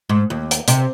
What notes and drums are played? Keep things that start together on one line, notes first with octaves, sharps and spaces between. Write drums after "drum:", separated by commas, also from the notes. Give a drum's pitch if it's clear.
G#2
D#2
drum: hi-hat
C3, drum: hi-hat